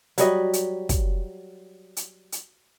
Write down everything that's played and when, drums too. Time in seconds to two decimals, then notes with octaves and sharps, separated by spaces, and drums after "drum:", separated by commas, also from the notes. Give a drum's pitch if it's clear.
0.18 F#3 G3 D#5, drum: hi-hat
0.53 drum: hi-hat
0.89 drum: kick, hi-hat
1.97 drum: hi-hat
2.32 drum: hi-hat